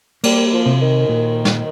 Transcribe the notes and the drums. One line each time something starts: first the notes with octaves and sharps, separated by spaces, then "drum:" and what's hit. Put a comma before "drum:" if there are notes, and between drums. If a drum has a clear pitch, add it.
G3 A#3, drum: cymbal
G3
F3
C3
D#3
A#2
drum: snare